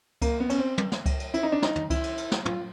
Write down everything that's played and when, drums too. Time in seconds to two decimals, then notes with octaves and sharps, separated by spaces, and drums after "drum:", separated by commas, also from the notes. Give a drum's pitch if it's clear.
0.22 A#3, drum: kick C#2, cymbal
0.40 B3
0.50 C#4, drum: cymbal
0.58 C4
0.78 drum: tom
0.92 drum: snare
1.06 drum: kick C#2, cymbal
1.20 drum: cymbal
1.34 E4, drum: cymbal
1.43 D#4
1.52 D4
1.62 D#4, drum: snare
1.76 drum: tom
1.90 E4, drum: kick C#2, cymbal
2.04 drum: cymbal
2.17 drum: cymbal
2.31 drum: snare
2.45 F4, drum: tom